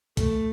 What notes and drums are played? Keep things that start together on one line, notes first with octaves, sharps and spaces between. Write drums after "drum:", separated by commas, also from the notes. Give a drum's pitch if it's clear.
A3, drum: kick, hi-hat